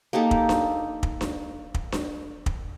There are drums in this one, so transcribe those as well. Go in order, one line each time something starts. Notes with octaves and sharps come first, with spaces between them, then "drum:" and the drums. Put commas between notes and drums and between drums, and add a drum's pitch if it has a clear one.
A#3 D#4 G4 A4
drum: kick
drum: snare D4
drum: kick
drum: snare D4
drum: kick
drum: snare D4
drum: kick